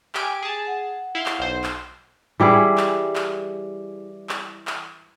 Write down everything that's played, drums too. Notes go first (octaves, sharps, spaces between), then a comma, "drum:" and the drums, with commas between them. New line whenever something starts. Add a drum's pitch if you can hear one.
G4 G#5 D7, drum: clap
G#4 A5
F#5
E4 F5 C6
drum: clap
B1 C5
drum: clap
E3 G3 E4 G#4
drum: clap
drum: clap
drum: clap
drum: clap